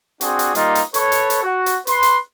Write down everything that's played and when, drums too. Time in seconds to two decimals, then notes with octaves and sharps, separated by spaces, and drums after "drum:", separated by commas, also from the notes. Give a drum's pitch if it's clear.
0.21 C4 D4 F#4 G#4, drum: hi-hat
0.39 drum: hi-hat
0.55 G3 A#3 D#4 F4, drum: hi-hat
0.75 drum: hi-hat
0.94 A4 B4 C#5, drum: hi-hat
1.12 drum: hi-hat
1.30 drum: hi-hat
1.42 F#4
1.66 drum: hi-hat
1.87 B4 C6, drum: hi-hat
2.03 drum: hi-hat